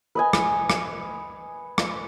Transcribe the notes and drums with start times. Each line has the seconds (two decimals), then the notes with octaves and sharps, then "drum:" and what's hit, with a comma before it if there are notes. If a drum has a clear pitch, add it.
0.15 B4 D#5 G#5
0.33 drum: rim click
0.70 drum: rim click
1.78 drum: rim click